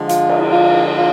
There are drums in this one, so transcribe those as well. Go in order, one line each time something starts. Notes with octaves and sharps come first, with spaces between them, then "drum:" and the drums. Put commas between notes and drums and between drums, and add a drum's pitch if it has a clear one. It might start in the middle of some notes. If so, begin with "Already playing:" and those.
Already playing: D3 F3 G#3
F4, drum: hi-hat
drum: cymbal
F4
F4